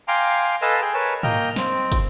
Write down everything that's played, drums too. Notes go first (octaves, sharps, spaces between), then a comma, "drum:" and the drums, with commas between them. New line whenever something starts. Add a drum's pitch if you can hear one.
F5 G5 G#5 A#5 C6 D6
A4 B4 D#5 F5 G#5 A5
G#4 G5
A#4 B4 C#5 G#5 A5
A#3 D#5 G5 F6, drum: tom G#2
C4, drum: snare
drum: kick, hi-hat